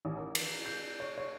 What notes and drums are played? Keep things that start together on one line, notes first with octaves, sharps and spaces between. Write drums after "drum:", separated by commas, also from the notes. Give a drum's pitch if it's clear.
A1
A#4
drum: cymbal
G6
C#5
C#5